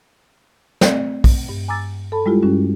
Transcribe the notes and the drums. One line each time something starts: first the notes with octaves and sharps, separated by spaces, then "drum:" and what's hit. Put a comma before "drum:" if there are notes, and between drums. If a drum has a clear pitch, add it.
A3 C4 D5, drum: snare
drum: kick, open hi-hat
G2
G#5 A#5 D6 E6 A6
A4 A5 B5
G3 G#3 E4 F4 G4
G2 G3 C#4 F#4